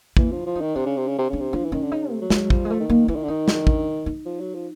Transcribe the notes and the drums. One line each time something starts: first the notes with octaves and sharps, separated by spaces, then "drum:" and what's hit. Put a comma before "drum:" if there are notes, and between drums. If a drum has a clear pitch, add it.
E3 A#3, drum: kick
F3
E4
F3
D#4
D#3
C3 D4
C#3
C3
C#3
C3
C#3 D4
C3
F3 D4
E3
D#3 C#4
D3
C#3 D#4
C3 A3
F#3
G#3, drum: snare
F#3
F3 G3, drum: kick
G#3
A3
D#3
A#3
E3 E4
D#3
D3
D#3 D#4
D4, drum: snare
D4, drum: kick
D#4
F3
F#3
F3